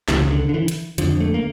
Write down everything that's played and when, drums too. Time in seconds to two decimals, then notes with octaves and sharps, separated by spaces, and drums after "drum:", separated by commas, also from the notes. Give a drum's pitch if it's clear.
0.08 C#2 C#3 E3, drum: snare
0.30 D3
0.49 D3
0.54 E3
0.68 drum: hi-hat
0.98 F2 D3 F3, drum: hi-hat
1.20 A3
1.34 A#3